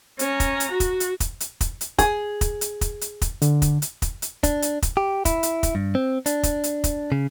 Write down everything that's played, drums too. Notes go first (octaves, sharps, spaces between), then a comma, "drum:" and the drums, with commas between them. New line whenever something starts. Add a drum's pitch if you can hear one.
C#4 A#5, drum: hi-hat
drum: kick, hi-hat
drum: hi-hat
F#4
drum: kick, hi-hat
drum: hi-hat
drum: kick, hi-hat
drum: hi-hat
drum: kick, hi-hat
drum: hi-hat
G#4, drum: kick, hi-hat
drum: kick, hi-hat
drum: hi-hat
drum: kick, hi-hat
drum: hi-hat
drum: kick, hi-hat
D3, drum: hi-hat
drum: kick, hi-hat
drum: hi-hat
drum: kick, hi-hat
drum: hi-hat
D4, drum: kick, hi-hat
drum: hi-hat
drum: kick, hi-hat
G4
E4, drum: kick, hi-hat
drum: hi-hat
drum: kick, hi-hat
G2
C4
D4, drum: hi-hat
drum: kick, hi-hat
drum: hi-hat
drum: kick, hi-hat
C#3